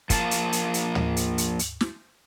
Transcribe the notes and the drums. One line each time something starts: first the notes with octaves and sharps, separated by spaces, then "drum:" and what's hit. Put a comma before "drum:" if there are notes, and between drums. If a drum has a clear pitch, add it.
F3 A#3 F5 A5, drum: kick, hi-hat
drum: hi-hat
drum: hi-hat
drum: hi-hat
drum: tom
drum: hi-hat
drum: hi-hat
drum: hi-hat
drum: snare